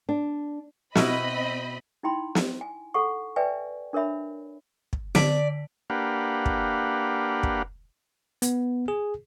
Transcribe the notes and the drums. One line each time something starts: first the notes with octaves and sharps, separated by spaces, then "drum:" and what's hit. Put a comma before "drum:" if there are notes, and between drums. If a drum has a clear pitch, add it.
D4
B2 C4 E4 A#4 D#5 B5, drum: snare
D#4 E4 G5 B5 C6
drum: snare
G#5
A4 F#5 C#6
B4 D5 E5 G5 G#5
D4 A#4 C#5 E5 B5
drum: kick
D3 D5 B6 D7, drum: snare
A#3 D4 G4 B4 F5 F#5
drum: kick
drum: kick
B3, drum: hi-hat
G#4